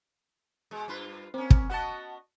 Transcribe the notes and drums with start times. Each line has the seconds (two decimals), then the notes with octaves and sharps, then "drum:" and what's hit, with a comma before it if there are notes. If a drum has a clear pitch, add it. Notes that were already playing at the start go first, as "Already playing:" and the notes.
0.71 B2 G#3
0.88 G2 F4 B4
1.34 A#3 C4 C#4
1.50 drum: kick
1.70 B3 F#4 D#5 F#5 A5